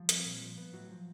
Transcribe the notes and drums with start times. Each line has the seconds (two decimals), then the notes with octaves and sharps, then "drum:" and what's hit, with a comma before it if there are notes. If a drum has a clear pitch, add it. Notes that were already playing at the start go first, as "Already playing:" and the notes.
Already playing: F3 G3
0.09 C4, drum: hi-hat
0.25 A#2
0.41 F3
0.58 B3
0.73 A2 F#3 F#4
0.89 F3